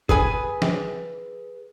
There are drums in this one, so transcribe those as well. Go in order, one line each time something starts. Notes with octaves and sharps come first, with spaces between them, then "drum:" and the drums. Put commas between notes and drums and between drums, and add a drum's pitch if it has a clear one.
G#4 B4 G#5, drum: kick
drum: snare